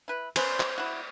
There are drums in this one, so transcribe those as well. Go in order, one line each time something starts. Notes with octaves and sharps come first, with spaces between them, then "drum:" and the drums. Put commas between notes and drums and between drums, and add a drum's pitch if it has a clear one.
E4 B4
C#4 B4 C5, drum: cymbal
drum: clap
E4 F#4